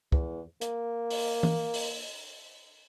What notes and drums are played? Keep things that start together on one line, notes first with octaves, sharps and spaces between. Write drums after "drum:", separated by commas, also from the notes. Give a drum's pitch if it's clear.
E2, drum: kick
A#3, drum: hi-hat
drum: open hi-hat
drum: tom E3
drum: open hi-hat